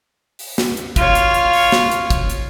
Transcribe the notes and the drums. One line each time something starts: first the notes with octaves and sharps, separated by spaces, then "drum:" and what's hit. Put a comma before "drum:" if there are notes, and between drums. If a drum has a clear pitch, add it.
drum: open hi-hat
drum: snare
drum: hi-hat
F4 C#5, drum: kick, hi-hat
drum: hi-hat
drum: hi-hat
drum: open hi-hat
drum: snare
drum: hi-hat
drum: kick, hi-hat
drum: hi-hat